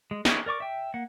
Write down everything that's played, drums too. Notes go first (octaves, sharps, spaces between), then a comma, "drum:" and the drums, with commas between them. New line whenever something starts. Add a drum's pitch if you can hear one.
G#3
D#4 E4 G#4 C#5 D5, drum: snare
A#4 D5 C#6 D6
E5 G5
A#3 F#5